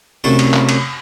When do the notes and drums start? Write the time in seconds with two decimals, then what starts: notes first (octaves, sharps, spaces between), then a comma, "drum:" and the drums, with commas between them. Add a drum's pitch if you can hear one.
0.24 C2 F#2 A3 E4 A5
0.39 drum: cymbal
0.54 drum: clap
0.69 drum: cymbal